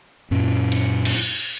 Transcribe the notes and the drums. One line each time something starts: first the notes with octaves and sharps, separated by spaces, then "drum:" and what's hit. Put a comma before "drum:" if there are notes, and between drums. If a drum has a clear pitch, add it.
F#2 A#2 C#4
drum: cymbal
drum: cymbal